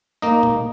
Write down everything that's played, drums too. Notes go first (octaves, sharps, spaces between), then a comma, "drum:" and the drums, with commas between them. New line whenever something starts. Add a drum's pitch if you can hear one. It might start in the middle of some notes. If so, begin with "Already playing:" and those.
A#3 D#4 D#5, drum: tambourine
drum: tom A#2